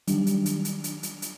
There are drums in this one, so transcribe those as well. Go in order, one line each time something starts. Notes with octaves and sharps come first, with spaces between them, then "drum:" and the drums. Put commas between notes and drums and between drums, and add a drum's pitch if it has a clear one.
D#3 F#3 G3 D4, drum: hi-hat
drum: hi-hat
drum: hi-hat
drum: hi-hat
drum: hi-hat
drum: hi-hat
drum: hi-hat